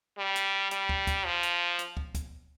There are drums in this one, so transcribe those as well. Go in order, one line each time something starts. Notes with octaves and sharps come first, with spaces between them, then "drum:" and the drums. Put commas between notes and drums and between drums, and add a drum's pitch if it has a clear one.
G3
drum: hi-hat
G3, drum: hi-hat
drum: kick
drum: kick, hi-hat
F3
drum: hi-hat
drum: hi-hat
drum: kick
drum: kick, hi-hat